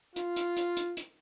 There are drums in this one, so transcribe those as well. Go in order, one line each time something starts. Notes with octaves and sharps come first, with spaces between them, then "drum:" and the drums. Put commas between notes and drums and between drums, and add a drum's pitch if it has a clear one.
F4, drum: hi-hat
drum: hi-hat
drum: hi-hat
drum: hi-hat
drum: hi-hat